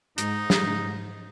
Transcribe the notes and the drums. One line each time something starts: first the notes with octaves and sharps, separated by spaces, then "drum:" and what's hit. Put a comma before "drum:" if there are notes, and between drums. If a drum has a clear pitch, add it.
G#2 D#4, drum: hi-hat
drum: snare